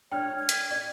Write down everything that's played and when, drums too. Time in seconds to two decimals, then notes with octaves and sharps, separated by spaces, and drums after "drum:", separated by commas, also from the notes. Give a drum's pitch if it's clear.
0.12 D4 C#5 G5 F6
0.39 G#6
0.49 drum: hi-hat
0.71 D5